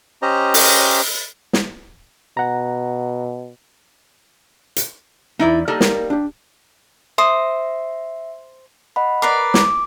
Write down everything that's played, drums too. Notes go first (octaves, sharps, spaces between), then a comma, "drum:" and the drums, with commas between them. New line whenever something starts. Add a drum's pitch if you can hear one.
C#4 G4 C5 D#5 A#5
drum: open hi-hat
drum: snare
B2 F#5 A#5
drum: hi-hat
E2 B3 D#4 E4 D5
G3 A#3 D#4 G4 A4
A#4 A#5, drum: snare
D4 G4
C5 E5 D6 D#6
D#5 F#5 B5
A#4 B4 D5 D6 C7
D6, drum: snare